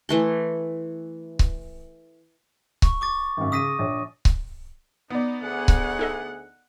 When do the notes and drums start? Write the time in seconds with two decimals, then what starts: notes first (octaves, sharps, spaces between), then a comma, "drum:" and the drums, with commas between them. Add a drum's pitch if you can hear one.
0.09 E3 A3 C6
1.39 drum: kick C#1
2.82 C#6, drum: kick C#1
3.01 C#6 D6 A6
3.37 G#1 F#2
3.52 C#3 D#6 A#6 B6 D#7
3.79 A#1 C#5
4.25 drum: kick C#1
5.10 B3 D#4 D5
5.42 D2 G#4 F#5
5.68 drum: kick C#1
5.99 D#4 A4 D#5